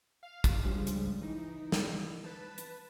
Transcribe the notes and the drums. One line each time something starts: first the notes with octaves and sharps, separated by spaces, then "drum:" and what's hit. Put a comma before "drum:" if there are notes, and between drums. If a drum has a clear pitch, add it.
F5
drum: kick, hi-hat
C#2 G2 C#3 F3 G3 G#3
drum: hi-hat
E3 D#4
drum: snare
B4 A5
drum: hi-hat